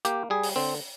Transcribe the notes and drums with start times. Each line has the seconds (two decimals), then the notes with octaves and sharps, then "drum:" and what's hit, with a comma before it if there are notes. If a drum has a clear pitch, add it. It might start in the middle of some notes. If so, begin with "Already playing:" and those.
0.05 A#3 G4, drum: hi-hat
0.30 G3 G#4
0.43 drum: open hi-hat
0.56 D3 C4